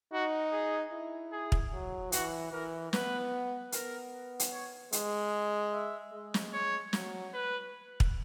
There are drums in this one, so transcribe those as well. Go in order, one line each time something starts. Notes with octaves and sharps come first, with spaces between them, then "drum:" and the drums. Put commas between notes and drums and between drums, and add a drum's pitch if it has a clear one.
D#4 F#4
G#4
E4
G#4
drum: kick
F#3
E3 F#4, drum: hi-hat
E3 A#4
B3 B4, drum: snare
B3 A#4, drum: hi-hat
drum: hi-hat
C#5
G#3, drum: hi-hat
E5
G#3
drum: snare
C#5
F#3, drum: snare
B4
drum: kick